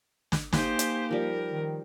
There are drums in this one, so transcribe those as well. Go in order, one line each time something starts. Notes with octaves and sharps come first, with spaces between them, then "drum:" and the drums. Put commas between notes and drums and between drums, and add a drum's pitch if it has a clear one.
drum: snare
A#3 D#4 G4 C5 G#5 A#5, drum: snare
drum: hi-hat
F3 G3 A#4
D#3